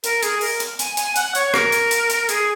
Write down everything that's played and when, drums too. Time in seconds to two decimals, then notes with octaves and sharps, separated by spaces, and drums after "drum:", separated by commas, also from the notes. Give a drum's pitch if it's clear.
0.04 A#4, drum: hi-hat
0.23 G#4, drum: hi-hat
0.41 A#4, drum: open hi-hat
0.60 drum: hi-hat
0.79 G#5, drum: hi-hat
0.97 G#5, drum: hi-hat
1.16 F#5, drum: hi-hat
1.35 C#5, drum: hi-hat
1.54 A#4, drum: rim click
1.72 drum: hi-hat
1.91 drum: hi-hat
2.10 drum: hi-hat
2.29 G#4, drum: hi-hat